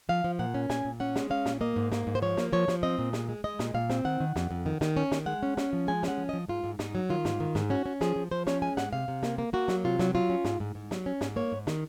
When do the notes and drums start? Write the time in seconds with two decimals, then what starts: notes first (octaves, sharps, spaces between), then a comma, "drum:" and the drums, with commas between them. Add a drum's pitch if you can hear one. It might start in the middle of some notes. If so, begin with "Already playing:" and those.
0.09 F3 F5
0.24 F3
0.39 A#2 F#5
0.54 C#4
0.69 A#2 G#5, drum: snare
0.85 A#2
1.00 C#4 F#5
1.16 G#3, drum: snare
1.30 C#4 F5
1.46 A#2, drum: snare
1.61 A#3 D#5
1.76 G#2
1.92 A#3, drum: snare
2.07 G#2
2.15 C5
2.22 F3 C#5
2.37 A#3, drum: snare
2.53 F3 C#5
2.68 F3, drum: snare
2.83 C4 D#5
2.98 A#2
3.13 G#3, drum: snare
3.29 G#3
3.44 G#3 D#5
3.59 A#2, drum: snare
3.74 A#2 F5
3.90 C4, drum: snare
4.05 D#3 F#5
4.20 D#3
4.36 F2, drum: snare
4.51 F2
4.66 D#3
4.81 D#3, drum: snare
4.97 C#4
5.12 D#3, drum: snare
5.26 G#3 F#5
5.43 C#4
5.57 C#4, drum: snare
5.73 F3
5.88 G#3 G#5
6.03 C#4, drum: snare
6.08 F#5
6.18 F3
6.29 F3 D#5
6.48 G#2 F4
6.64 G#2
6.79 G#2 D#4, drum: snare
6.95 F#3
7.10 D#3 F4
7.25 G#2, drum: snare
7.40 D#3
7.55 G#2, drum: snare
7.70 C#4 F#4
7.86 C#4
8.01 F3 G#4, drum: snare
8.16 F3
8.31 F3 C5
8.47 C#4 C#5, drum: snare
8.62 G#3 G#5
8.77 G#2 F#5, drum: snare
8.93 C3 F5
9.08 C3
9.23 A#3, drum: snare
9.38 A#3
9.53 A#3 F#4
9.68 F#3, drum: snare
9.84 C3 F4
9.99 F#3, drum: snare
10.15 F#3 F4
10.30 C#4
10.45 G#2, drum: snare
10.60 G#2
10.75 G#2
10.91 F#3, drum: snare
11.06 C#4
11.21 G#2, drum: snare
11.36 A#3 C#5
11.52 G#2
11.67 D#3, drum: snare